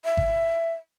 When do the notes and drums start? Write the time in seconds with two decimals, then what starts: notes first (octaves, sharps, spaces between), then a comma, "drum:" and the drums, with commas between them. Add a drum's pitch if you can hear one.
0.05 E5
0.17 drum: kick G#1